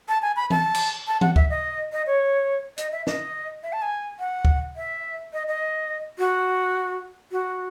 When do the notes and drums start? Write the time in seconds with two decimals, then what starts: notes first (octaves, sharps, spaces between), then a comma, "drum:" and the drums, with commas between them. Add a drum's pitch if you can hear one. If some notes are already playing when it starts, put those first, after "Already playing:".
0.09 A5
0.22 G#5
0.36 B5
0.50 A5, drum: tom E3
0.75 drum: cymbal
1.07 A5
1.21 F#5, drum: tom E3
1.36 E5, drum: kick D2
1.50 D#5
1.92 D#5
2.07 C#5
2.78 D#5, drum: hi-hat
2.92 E5
3.07 D#5, drum: snare
3.63 E5
3.73 A5
3.82 G#5
4.19 F#5
4.45 drum: kick D2
4.76 E5
5.33 D#5
5.48 D#5
6.19 F#4
7.32 F#4